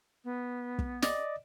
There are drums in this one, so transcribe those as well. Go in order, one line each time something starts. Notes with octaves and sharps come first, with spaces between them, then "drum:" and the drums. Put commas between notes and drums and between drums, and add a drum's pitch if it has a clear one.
B3
drum: kick
D5 D#5, drum: snare